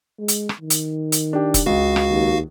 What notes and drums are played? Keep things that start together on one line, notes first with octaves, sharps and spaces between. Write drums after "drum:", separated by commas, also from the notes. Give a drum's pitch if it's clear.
G#3
drum: hi-hat
drum: rim click
D#3
drum: hi-hat
drum: hi-hat
D4 G4
drum: kick E1, hi-hat
C#2 F#4 F5
drum: rim click
D#2